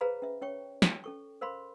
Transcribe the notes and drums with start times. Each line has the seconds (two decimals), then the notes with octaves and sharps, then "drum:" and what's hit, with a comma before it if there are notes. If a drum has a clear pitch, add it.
0.01 G#4 B4 C5 F5 A#5 B5
0.22 C#4 E5
0.42 C#4 C#5 G5 C#6
0.82 G5, drum: snare
1.04 C#4 A4 C#6
1.41 A#4 C5 F5 B5 C6